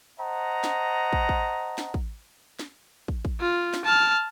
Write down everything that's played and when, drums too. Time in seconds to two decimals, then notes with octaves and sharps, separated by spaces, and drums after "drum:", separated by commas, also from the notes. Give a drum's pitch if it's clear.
0.19 C5 D#5 F#5 A5 A#5
0.64 drum: snare
1.13 drum: kick
1.29 drum: kick
1.78 drum: snare
1.94 drum: kick
2.59 drum: snare
3.08 drum: kick
3.25 drum: kick
3.41 F4
3.74 drum: snare
3.85 A5 F6